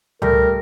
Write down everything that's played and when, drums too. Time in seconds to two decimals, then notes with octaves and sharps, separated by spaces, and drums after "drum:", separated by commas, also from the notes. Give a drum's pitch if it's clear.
0.22 G3 A3 A#4, drum: tom C#2